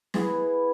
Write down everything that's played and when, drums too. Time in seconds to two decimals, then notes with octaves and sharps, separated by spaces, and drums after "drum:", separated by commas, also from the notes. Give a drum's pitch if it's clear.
0.14 B3 E4 G#4, drum: snare